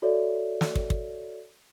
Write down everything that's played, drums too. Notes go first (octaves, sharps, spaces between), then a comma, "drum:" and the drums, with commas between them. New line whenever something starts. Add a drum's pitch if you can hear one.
F#4 A4 C#5 D5 E5
drum: snare
drum: kick
drum: kick